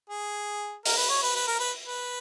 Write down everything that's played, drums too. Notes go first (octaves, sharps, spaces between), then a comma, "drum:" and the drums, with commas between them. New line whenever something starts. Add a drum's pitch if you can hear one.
G#4
A#4, drum: open hi-hat
B4
C#5
B4
B4
A#4
B4
B4